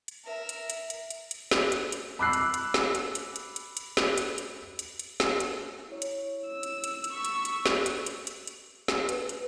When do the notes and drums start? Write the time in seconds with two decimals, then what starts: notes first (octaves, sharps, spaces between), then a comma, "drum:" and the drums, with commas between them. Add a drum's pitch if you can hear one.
0.08 drum: hi-hat
0.24 A#4 E5
0.49 drum: hi-hat
0.70 drum: hi-hat
0.90 drum: hi-hat
1.11 drum: hi-hat
1.31 drum: hi-hat
1.51 drum: snare
1.72 drum: hi-hat
1.92 drum: hi-hat
2.19 B5 D6 E6 F#6 C7
2.33 drum: hi-hat
2.54 drum: hi-hat
2.74 drum: snare
2.95 drum: hi-hat
3.15 drum: hi-hat
3.36 drum: hi-hat
3.56 drum: hi-hat
3.77 drum: hi-hat
3.97 drum: snare
4.18 drum: hi-hat
4.38 drum: hi-hat
4.79 drum: hi-hat
4.99 drum: hi-hat
5.20 drum: snare
5.40 drum: hi-hat
5.88 E4 C#5
6.02 drum: hi-hat
6.48 E6
6.63 drum: hi-hat
6.84 drum: hi-hat
7.04 drum: hi-hat
7.13 C#6 E6 B6 C#7
7.25 drum: hi-hat
7.45 drum: hi-hat
7.66 drum: snare
7.86 drum: hi-hat
8.06 drum: hi-hat
8.27 drum: hi-hat
8.47 drum: hi-hat
8.88 drum: snare
9.09 B4, drum: hi-hat
9.29 drum: hi-hat